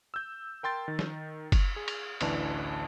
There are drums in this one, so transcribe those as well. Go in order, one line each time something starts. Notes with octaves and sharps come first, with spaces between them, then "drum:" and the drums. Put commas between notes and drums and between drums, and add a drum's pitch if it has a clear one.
E6 G6
A#4 G5 C6 A6
D#3
drum: snare
drum: kick F#1, cymbal
G#4
drum: cymbal
A1 D2 E3 D4 A5, drum: cymbal